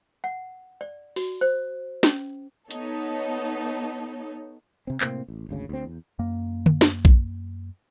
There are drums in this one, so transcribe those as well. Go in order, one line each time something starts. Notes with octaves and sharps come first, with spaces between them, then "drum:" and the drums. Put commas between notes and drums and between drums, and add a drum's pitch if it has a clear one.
F#5
D5
F#4, drum: open hi-hat
C5
C#4, drum: snare
B3 D#4 A4 C#5, drum: hi-hat
C3 C4
A2 C3 A#3 C4, drum: clap
A1
G#1 D2 C#3
D2 C4
E2
F#2 A#3
drum: tom D3
drum: snare
drum: kick A#1